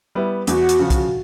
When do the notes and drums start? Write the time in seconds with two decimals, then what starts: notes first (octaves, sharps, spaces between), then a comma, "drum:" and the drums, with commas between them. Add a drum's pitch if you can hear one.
0.15 G3 B3 E4
0.47 E2 F#4, drum: hi-hat
0.69 drum: hi-hat
0.79 C#3 F3
0.90 drum: kick, hi-hat